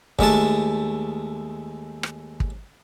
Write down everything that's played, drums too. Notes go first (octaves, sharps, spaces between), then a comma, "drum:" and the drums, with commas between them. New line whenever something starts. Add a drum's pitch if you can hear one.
D#2 G#3 A3 A5, drum: kick
drum: rim click
drum: kick